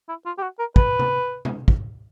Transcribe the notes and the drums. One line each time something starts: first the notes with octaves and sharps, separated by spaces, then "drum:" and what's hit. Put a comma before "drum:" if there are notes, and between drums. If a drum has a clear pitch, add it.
E4
F4
G4
F#4
A#4
B4, drum: kick
drum: tom C3
drum: tom
drum: kick